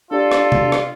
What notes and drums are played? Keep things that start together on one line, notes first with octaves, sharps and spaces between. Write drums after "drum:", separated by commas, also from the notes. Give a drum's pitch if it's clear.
D4 F4 G4 A4 D5
drum: rim click
drum: tom C3
drum: rim click